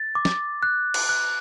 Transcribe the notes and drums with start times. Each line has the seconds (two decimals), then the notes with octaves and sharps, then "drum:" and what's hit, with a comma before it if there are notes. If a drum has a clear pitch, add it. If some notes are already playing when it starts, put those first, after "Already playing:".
Already playing: A6
0.15 D6
0.25 drum: snare
0.63 F#6
0.94 drum: cymbal
1.09 F#6